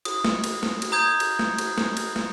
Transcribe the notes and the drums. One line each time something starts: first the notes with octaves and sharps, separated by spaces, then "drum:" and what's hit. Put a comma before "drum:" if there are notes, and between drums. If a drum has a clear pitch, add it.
D#6, drum: cymbal
drum: snare
drum: cymbal
drum: snare
drum: cymbal
A#5 D#6 G6 G#6
drum: cymbal
drum: snare
drum: cymbal
drum: snare
drum: cymbal
drum: snare